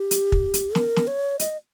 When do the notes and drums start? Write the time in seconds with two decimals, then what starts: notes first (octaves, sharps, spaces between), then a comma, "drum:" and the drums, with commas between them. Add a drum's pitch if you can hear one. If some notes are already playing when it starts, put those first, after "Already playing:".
Already playing: G4
0.11 drum: hi-hat
0.32 drum: kick
0.54 drum: hi-hat
0.75 A#4, drum: snare
0.96 drum: snare
1.07 C#5
1.39 D#5, drum: hi-hat